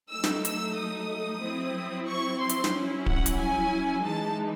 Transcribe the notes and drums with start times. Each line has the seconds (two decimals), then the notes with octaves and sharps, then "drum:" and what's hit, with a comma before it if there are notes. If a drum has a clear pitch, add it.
0.11 F#3 A3 D#4 E6
0.24 drum: snare
0.45 E6, drum: hi-hat
0.77 D#6
1.43 F#3 C4 E4
2.08 C#6
2.40 C6
2.49 drum: hi-hat
2.64 drum: snare
2.73 F#3 C#4 E4
3.06 F#5, drum: kick D1
3.26 drum: hi-hat
3.39 G#5
4.05 E3 G#3 D#4 A5